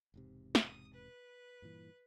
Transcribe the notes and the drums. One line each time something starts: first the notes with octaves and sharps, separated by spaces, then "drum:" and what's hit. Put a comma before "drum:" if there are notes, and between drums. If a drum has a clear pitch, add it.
E1 G#2 C3
D#6, drum: snare
B4
G2 A#2 E3